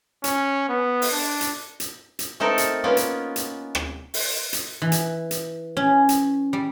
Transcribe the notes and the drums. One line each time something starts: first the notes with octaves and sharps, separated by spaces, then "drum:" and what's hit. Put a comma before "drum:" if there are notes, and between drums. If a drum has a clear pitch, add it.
C#4, drum: hi-hat
B3
drum: open hi-hat
D4
drum: hi-hat
drum: hi-hat
drum: hi-hat
A3 C4 D#4 A4 A#4
drum: hi-hat
A#3 B3 C#4 F4
drum: hi-hat
drum: hi-hat
drum: rim click
drum: open hi-hat
drum: hi-hat
E3
drum: hi-hat
drum: hi-hat
C#4
drum: hi-hat
G3